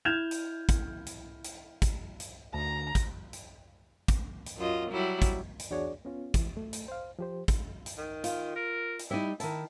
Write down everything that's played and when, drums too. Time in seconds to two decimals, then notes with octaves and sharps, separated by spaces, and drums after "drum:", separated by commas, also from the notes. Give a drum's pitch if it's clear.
0.05 E4 F6 G6 G#6 E7 F7
0.31 drum: hi-hat
0.69 drum: kick, hi-hat
1.06 drum: hi-hat
1.44 drum: hi-hat
1.82 drum: kick, hi-hat
2.20 drum: hi-hat
2.54 D2 A#5
2.95 drum: kick, hi-hat
3.33 drum: hi-hat
4.08 drum: kick, hi-hat
4.46 drum: hi-hat
4.58 F#2 F4 D#5
4.91 F#3 G3 E4
5.22 drum: kick, hi-hat
5.59 drum: hi-hat
5.70 E2 D4 F#4 G#4 C#5 D5
6.05 B3 C#4 F4
6.34 E3, drum: kick, hi-hat
6.57 A3
6.73 drum: hi-hat
6.88 C5 F5
7.19 F3 G4 C5
7.48 drum: kick, hi-hat
7.86 drum: hi-hat
7.98 D#3
8.24 F4, drum: hi-hat
8.56 A#4
8.99 drum: hi-hat
9.11 G3 D#4 E4
9.40 D#3 E4 A5, drum: hi-hat